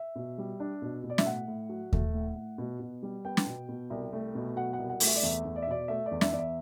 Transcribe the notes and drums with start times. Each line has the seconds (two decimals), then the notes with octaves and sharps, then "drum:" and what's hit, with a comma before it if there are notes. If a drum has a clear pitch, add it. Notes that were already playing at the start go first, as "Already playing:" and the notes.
Already playing: E5
0.15 B2
0.38 G3
0.60 D4
0.82 B2
1.04 B2
1.10 D5
1.18 E5, drum: snare
1.26 A2 F#5
1.48 A2
1.69 F#3
1.93 A3, drum: kick D#2
2.14 A2
2.35 A2
2.58 B2
2.80 B2
3.03 G3
3.25 B3 G5
3.37 drum: snare
3.46 B2
3.68 B2
3.90 C2
4.13 A3
4.35 B2
4.56 F#3 F#5
4.73 F#5
4.78 C2
4.89 F#5
5.00 A3, drum: open hi-hat
5.07 E5
5.15 D5
5.23 E2 E5
5.45 E2
5.56 D5
5.62 E5
5.67 B2 D5
5.88 A3 E5
6.06 D5
6.11 E2
6.21 E5, drum: snare
6.32 E2 D5
6.39 E5